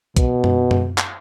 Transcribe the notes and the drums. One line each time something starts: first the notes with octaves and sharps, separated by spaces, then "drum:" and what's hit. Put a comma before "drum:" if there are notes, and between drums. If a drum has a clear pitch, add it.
B2, drum: kick, hi-hat
drum: tom F#2
drum: tom F#2
drum: clap